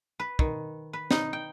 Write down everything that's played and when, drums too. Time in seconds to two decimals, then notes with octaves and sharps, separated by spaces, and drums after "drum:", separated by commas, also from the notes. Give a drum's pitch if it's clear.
0.20 B4
0.39 D#3, drum: kick
0.93 B4
1.11 D#4, drum: snare
1.33 G5